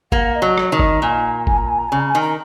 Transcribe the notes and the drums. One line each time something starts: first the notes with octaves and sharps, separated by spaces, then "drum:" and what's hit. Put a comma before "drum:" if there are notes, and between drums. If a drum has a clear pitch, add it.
A#3 F#5, drum: kick F#1
D#5
F#3
C#5, drum: rim click
D#3 C#5
D#5, drum: kick F#1
A#2 G#5
G#5, drum: kick F#1
A#5
G#5
A#5
C#3 G#5
A#5
D#3 G#5
A#5